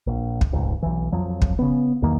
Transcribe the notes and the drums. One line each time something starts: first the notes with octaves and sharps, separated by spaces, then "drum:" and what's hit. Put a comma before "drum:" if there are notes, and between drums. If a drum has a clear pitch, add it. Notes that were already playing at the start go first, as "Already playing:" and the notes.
A#1
drum: kick
F1 C#2 G#2
B1 E3
F2 F3 F#3
drum: kick
C#3 B3
B1 E2 D#3 A#3